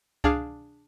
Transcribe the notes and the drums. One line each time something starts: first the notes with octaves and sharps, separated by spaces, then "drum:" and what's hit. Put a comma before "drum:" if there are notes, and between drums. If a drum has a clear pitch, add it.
D4 G#4 F5, drum: kick C#2